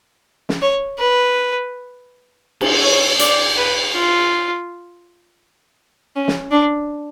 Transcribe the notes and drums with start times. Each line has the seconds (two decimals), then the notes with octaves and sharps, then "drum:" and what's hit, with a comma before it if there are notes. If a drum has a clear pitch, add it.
0.49 drum: snare
0.62 C#5
0.99 B4
2.61 drum: cymbal
2.83 C#5
3.19 D5, drum: hi-hat
3.57 B4
3.94 F4
6.15 C#4
6.28 drum: snare
6.51 D4